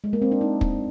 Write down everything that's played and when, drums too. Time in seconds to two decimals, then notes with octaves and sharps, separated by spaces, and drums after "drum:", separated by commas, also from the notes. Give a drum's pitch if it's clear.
0.04 G#3
0.13 A#3
0.22 C4
0.32 D4
0.41 D#4
0.61 drum: kick